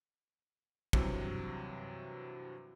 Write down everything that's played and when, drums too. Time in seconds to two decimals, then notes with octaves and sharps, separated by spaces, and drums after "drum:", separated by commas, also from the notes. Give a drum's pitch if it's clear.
0.93 G2 C3 E3 F#3, drum: kick